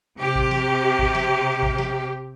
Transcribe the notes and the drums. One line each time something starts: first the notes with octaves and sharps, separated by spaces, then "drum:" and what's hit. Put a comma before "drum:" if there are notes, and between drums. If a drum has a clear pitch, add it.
C3 G4
drum: kick G#1
drum: snare
drum: kick G#1
drum: snare
drum: kick G#1
drum: snare